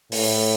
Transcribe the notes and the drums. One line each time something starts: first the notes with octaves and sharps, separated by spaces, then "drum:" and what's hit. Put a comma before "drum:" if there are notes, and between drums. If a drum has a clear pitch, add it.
A2, drum: open hi-hat